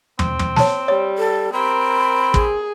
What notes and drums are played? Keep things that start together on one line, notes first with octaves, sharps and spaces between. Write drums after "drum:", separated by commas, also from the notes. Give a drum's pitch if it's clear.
C4, drum: tom
drum: tom
C#5 A5, drum: snare
G3 C#5
A4
C4 A#4 B5
G#4, drum: kick